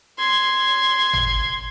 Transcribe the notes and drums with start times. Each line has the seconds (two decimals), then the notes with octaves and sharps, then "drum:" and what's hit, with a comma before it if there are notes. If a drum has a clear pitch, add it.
0.18 C6 G#6
1.13 drum: tom G#1